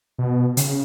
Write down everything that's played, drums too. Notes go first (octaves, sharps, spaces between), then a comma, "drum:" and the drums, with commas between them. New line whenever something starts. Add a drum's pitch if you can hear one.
B2
C#3, drum: hi-hat